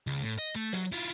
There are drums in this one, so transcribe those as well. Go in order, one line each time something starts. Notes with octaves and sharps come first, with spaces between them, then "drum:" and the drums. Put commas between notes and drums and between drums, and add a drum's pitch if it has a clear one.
C#2
A2
D#5
A3
F#3, drum: hi-hat
E4 F4